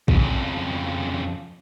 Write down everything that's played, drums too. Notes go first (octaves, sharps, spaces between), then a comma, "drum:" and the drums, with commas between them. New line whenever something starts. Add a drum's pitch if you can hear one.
F2 C#3, drum: kick